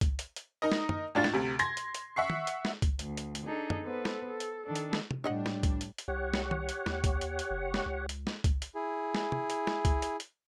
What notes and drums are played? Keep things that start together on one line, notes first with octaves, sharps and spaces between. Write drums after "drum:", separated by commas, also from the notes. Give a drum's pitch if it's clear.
drum: kick C#2, hi-hat
drum: hi-hat
drum: hi-hat
D#4 A#4 D#5
drum: snare
drum: tom
A2 D4 F4 A6
drum: snare
D2 C3
C6 G#6 A#6, drum: hi-hat
drum: hi-hat
drum: hi-hat
E5 F#5 C#6 C7
drum: tom
drum: hi-hat
drum: snare
drum: kick C#2, hi-hat
D2, drum: hi-hat
drum: hi-hat
drum: hi-hat
D4 D#4 G#4 A4
drum: tom
B3 A4 B4 C5
drum: snare
A4
drum: hi-hat
D#3 D4 A4
drum: hi-hat
drum: snare
drum: tom
A2 G3 D4 C#5 D#5 F#5
drum: snare
drum: kick C#2, hi-hat
drum: hi-hat
drum: hi-hat
C2 G4 C#5 F#5
drum: snare
drum: tom
drum: hi-hat
D#2, drum: snare
drum: kick C#2, hi-hat
drum: hi-hat
drum: hi-hat
F#1
drum: snare
C#2
drum: hi-hat
drum: snare
drum: kick C#2, hi-hat
drum: hi-hat
E4 G#4
drum: snare
drum: tom
drum: hi-hat
drum: snare
drum: kick C#2, hi-hat
drum: hi-hat
drum: hi-hat